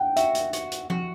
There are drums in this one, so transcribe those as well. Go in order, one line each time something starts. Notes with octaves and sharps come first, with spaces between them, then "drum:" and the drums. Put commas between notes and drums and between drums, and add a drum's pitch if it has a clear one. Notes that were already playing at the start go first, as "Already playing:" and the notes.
Already playing: F#5 G5
F#4 E5, drum: hi-hat
drum: hi-hat
F#4, drum: hi-hat
drum: hi-hat
F#4, drum: tom F3